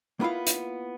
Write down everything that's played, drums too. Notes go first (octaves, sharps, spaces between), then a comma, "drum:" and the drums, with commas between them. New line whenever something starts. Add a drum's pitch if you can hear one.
A#3 B3 E4 F4 F5
drum: hi-hat